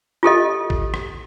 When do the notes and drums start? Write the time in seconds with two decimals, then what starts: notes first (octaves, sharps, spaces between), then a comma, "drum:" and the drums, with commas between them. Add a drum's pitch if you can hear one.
0.23 F4 G4 A4 D#5
0.70 drum: kick
0.94 drum: rim click